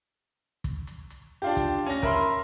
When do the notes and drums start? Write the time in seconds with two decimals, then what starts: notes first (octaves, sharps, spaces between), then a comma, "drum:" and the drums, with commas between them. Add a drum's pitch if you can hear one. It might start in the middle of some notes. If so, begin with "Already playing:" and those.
0.64 drum: kick, hi-hat
0.87 drum: hi-hat
1.10 drum: hi-hat
1.42 D4 F4 G4
1.57 drum: kick, hi-hat
1.86 C#4 A#6
2.03 A#4 E5 B5 C6, drum: kick, hi-hat